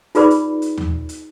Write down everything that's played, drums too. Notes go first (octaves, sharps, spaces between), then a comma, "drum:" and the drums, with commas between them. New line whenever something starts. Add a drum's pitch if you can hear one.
D#4 F4 G#4 B4 D5 B5, drum: hi-hat
drum: hi-hat
drum: hi-hat
drum: tom D#2
drum: hi-hat